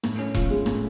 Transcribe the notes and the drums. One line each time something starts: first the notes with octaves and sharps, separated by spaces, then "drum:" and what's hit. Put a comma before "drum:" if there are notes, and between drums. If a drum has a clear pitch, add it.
A2, drum: rim click
C#4
F3, drum: kick E1
G#3
A2, drum: rim click